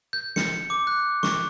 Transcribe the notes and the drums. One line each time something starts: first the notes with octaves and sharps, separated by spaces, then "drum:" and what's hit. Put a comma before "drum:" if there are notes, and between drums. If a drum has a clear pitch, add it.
G6
C#7, drum: snare
D6
F#6
C#6, drum: snare